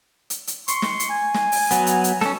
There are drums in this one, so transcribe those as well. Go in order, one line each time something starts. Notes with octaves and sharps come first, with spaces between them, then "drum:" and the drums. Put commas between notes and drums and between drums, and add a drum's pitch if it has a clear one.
drum: hi-hat
drum: hi-hat
C6 C#6, drum: hi-hat
drum: snare
drum: hi-hat
G#5
drum: snare
drum: open hi-hat
F#3 B3, drum: hi-hat
drum: hi-hat
drum: hi-hat
C#4 A4, drum: snare